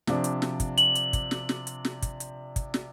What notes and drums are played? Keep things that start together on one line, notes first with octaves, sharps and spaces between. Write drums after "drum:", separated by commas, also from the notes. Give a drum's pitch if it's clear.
C3 F3 D4, drum: snare
drum: hi-hat
drum: snare
drum: kick, hi-hat
F#7, drum: hi-hat
drum: hi-hat
drum: kick, hi-hat
drum: snare
drum: snare
drum: hi-hat
drum: snare
drum: kick, hi-hat
drum: hi-hat
drum: kick, hi-hat
drum: snare